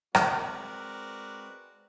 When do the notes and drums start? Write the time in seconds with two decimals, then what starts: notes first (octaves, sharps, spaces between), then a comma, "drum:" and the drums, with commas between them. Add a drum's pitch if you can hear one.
0.15 G#3 C4 F#4 A#4 B4 D5, drum: rim click